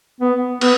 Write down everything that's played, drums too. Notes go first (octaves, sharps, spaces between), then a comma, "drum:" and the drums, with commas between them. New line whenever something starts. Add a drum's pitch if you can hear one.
B3
B3, drum: cymbal